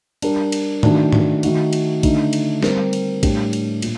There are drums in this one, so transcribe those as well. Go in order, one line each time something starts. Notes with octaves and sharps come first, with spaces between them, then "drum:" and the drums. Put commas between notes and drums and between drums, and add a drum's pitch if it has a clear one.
G3 D4 G4 A#4, drum: cymbal
drum: cymbal
D#3 A3 D4 F#4, drum: tom G#2
drum: tom G#2
D#3 A3 D#4 F#4, drum: cymbal
drum: cymbal
D3 A3 D#4, drum: kick, cymbal
drum: cymbal
G3 C4 G4 A#4, drum: snare
drum: cymbal
A2 G3 D4 G4, drum: kick, cymbal
drum: cymbal
A#2, drum: cymbal